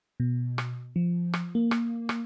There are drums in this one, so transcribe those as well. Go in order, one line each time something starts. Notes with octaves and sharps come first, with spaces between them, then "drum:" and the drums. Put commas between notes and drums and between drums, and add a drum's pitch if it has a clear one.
B2
drum: rim click
F3
drum: rim click
A#3
drum: rim click
drum: rim click